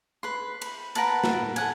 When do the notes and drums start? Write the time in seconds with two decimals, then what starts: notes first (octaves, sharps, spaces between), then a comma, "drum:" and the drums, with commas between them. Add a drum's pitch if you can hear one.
0.23 B4 C6
0.62 B5, drum: cymbal
0.95 A#4 B4 F#5 A5, drum: cymbal
1.24 drum: snare
1.56 A4 F#5 G#5, drum: cymbal